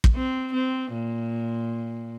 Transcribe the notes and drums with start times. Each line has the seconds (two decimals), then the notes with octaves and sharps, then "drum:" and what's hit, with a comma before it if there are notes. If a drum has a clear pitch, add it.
0.04 drum: kick
0.15 C4
0.53 C4
0.93 A#2